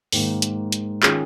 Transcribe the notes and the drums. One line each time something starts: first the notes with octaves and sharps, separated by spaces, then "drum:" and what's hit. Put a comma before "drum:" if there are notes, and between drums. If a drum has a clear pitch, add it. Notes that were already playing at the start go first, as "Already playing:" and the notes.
G#2 D#3 A#3, drum: open hi-hat
drum: hi-hat
drum: hi-hat
D#3 C#4 F4 G#4, drum: clap